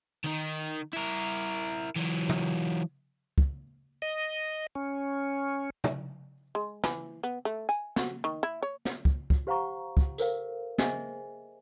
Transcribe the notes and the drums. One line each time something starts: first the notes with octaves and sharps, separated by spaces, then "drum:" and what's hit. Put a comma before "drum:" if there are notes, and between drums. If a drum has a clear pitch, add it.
D#3 D#4
E4 A#4
E3 F#3
drum: tom
drum: kick
D#5
C#4
drum: tom
G#3
E3, drum: snare
B3
A3
G#5, drum: hi-hat
F#4, drum: snare
D#3
E4
C#5
drum: snare
drum: kick
drum: kick
G4 C5 F5 F#5 A#5 C#6
drum: kick
A4 A#4 C5 F5, drum: tambourine
G#4 C5 D#5 E5 G#5, drum: snare